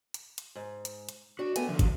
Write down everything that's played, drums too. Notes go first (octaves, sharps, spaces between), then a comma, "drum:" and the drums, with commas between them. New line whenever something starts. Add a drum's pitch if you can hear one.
drum: hi-hat
drum: hi-hat
G#2
drum: hi-hat
drum: hi-hat
D4 F#4
A3 B3 G4 G#5, drum: hi-hat
D3 F3 F#3
drum: kick, hi-hat